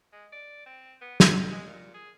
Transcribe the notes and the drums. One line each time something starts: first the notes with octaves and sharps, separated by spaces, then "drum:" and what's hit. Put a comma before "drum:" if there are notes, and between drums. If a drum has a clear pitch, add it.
G#3
D5
C4
B3
G#4, drum: snare
G#3
G#3
A#2
G#4